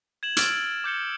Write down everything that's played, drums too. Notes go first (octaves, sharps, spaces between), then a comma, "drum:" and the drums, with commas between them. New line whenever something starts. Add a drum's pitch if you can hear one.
G#6 E7 F#7
E6 F6 G#6 A6 D7, drum: hi-hat
D6 G6 C#7 G7